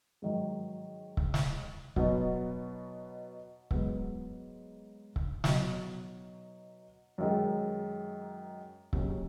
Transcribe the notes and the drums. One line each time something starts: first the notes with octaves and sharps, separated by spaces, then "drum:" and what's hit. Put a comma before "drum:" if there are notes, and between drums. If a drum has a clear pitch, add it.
G#2 D#3 F#3
drum: kick C#1
drum: snare
B2 F#3 B3 D#4, drum: kick C#1
G#2 F#3 B3, drum: kick C#1
drum: kick C#1
B2 F#3 D#4, drum: snare
F#2 D#3 G#3
D#2 C#3 F#3 C#4, drum: kick C#1